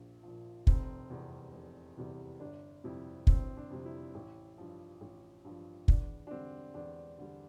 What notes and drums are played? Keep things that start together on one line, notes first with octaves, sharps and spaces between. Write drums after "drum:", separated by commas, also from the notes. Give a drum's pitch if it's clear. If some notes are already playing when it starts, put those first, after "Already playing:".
Already playing: A#1 A#2 F3
A#2 F3
F1 C4, drum: kick
E2 C3 E3 G3
F1
E2 C3 E3 G3
G1 D4
F2 C3 G3 E4
G1 C4, drum: kick
D4
F2 C3 G3
E4
A1
G2 F3
A1
G2 F3
E2 D4, drum: kick
D4
D3 G3 C4
E2 D4
D3 G3